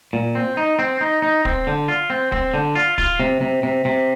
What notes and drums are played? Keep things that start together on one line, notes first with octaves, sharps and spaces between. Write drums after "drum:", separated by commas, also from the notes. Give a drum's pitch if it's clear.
A#2
C4
D#4
C4
D#4
D#4
C4, drum: kick
D3
F4
C4
C4, drum: kick
D3
F4
F4, drum: kick
C3
C3
C3
C3